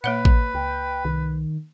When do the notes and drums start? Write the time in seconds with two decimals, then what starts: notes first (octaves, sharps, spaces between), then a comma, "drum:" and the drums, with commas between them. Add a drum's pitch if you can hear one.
0.04 A#2 A#3 B4 C#5 F#5
0.25 drum: kick A1
0.54 C#2 G5
1.05 C2 D#3